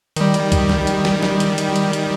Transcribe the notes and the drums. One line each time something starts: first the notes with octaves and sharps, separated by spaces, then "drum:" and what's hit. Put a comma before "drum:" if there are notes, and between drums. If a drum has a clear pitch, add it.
D#3 G3, drum: hi-hat
drum: hi-hat
drum: kick C2, hi-hat
drum: snare
drum: hi-hat
drum: snare
drum: snare
drum: hi-hat
drum: hi-hat
drum: hi-hat
drum: hi-hat